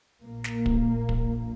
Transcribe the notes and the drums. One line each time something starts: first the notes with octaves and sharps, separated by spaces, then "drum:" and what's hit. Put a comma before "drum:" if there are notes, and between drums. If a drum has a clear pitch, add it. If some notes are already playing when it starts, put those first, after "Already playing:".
A#1 A#2 A#3
drum: snare
drum: kick
drum: kick